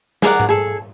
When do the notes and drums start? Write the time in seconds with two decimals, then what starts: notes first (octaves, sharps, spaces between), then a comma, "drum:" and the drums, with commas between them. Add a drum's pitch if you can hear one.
0.22 G#4 A#4 D5 F#5, drum: snare
0.40 drum: tom G#2
0.49 G#4 A4